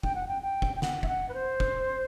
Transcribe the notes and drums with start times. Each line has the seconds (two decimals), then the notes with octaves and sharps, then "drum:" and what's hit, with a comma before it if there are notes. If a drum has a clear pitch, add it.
0.03 G5, drum: kick
0.15 F#5
0.28 G5
0.42 G5
0.62 drum: kick
0.76 G5
0.82 F#5, drum: snare
1.03 E5, drum: kick
1.08 F#5
1.29 B4
1.34 C5
1.60 drum: kick